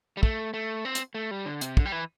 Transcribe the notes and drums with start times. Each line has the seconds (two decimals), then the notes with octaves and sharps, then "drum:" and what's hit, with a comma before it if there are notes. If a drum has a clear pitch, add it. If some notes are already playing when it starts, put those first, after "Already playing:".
0.17 G3
0.23 A3, drum: kick
0.54 A3
0.85 C4
0.95 drum: hi-hat
1.15 A3
1.31 G3
1.46 D3
1.61 C3, drum: hi-hat
1.77 D3, drum: kick
1.85 G3
1.92 E3